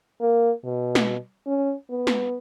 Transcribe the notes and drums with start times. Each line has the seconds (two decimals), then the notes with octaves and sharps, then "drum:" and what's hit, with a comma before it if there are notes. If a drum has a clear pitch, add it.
0.21 A#3
0.64 B2
0.95 drum: snare
1.46 C#4
1.90 B3
2.07 drum: snare